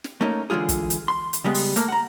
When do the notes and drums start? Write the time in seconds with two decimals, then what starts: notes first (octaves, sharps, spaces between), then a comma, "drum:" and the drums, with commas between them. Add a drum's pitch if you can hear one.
0.04 drum: snare
0.21 A3 A#3 C#4 D#4
0.50 D3 E3 G#3 F4 G#4
0.69 drum: kick, hi-hat
0.90 drum: hi-hat
1.08 C6
1.33 drum: hi-hat
1.44 C#3 G3 G#3 B3
1.54 drum: open hi-hat
1.76 A3 A#3 A#4, drum: hi-hat
1.88 F#5 A#5